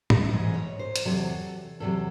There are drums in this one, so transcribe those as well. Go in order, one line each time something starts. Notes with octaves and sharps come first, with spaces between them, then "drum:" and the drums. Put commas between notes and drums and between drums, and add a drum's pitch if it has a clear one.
E5, drum: tom
G#2 E3 G#3 D#5
C#5
C5
drum: hi-hat
E2 C3 F#3 A4
E2 C3 F#3 A4